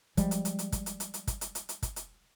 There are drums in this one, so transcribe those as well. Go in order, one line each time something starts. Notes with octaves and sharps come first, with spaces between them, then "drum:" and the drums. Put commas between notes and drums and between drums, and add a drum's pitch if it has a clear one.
F3 G3 G#3, drum: kick, hi-hat
drum: hi-hat
drum: hi-hat
drum: hi-hat
drum: kick, hi-hat
drum: hi-hat
drum: hi-hat
drum: hi-hat
drum: kick, hi-hat
drum: hi-hat
drum: hi-hat
drum: hi-hat
drum: kick, hi-hat
drum: hi-hat